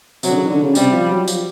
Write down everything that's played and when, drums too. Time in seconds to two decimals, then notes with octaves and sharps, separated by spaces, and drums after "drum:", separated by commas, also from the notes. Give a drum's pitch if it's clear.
0.23 C3 F#3, drum: tambourine
0.30 D3
0.37 C#3
0.45 D#3
0.50 D3
0.63 C#3
0.75 C3 G3, drum: tambourine
0.93 F3
1.10 F#3
1.28 F3, drum: tambourine